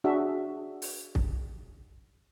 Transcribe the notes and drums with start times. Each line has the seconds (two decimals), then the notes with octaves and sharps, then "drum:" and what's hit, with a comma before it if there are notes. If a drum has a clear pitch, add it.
0.04 D4 F#4 G#4 E5
0.82 drum: open hi-hat
1.15 drum: kick